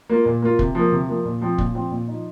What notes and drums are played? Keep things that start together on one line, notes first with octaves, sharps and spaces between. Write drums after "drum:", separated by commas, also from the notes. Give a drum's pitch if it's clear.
A#3 F4
A#2
A#3 F4
C3, drum: kick
F3 A#3
C3
F3 A#3
A#2
F3 C4
A#2, drum: kick
F3 C4
A#2
F3 D#4